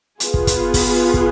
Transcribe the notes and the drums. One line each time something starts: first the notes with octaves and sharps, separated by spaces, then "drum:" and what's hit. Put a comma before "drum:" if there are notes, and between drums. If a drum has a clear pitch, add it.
B3 F4 G#4, drum: hi-hat
drum: kick
drum: kick, hi-hat
drum: kick, open hi-hat
drum: kick